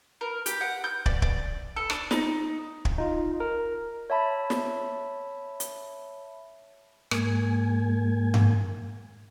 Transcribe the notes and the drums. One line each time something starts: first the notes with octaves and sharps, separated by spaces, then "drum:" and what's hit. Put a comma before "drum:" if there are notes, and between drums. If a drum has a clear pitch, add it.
A#4
G4, drum: hi-hat
F#5
G6
D5, drum: kick
D5, drum: kick
A4
D4, drum: rim click
D#4, drum: snare
drum: kick
D#4 F4
A#4
C#5 E5 A5 B5
drum: snare
drum: hi-hat
G#2 A#3 G#5, drum: rim click
drum: tom G2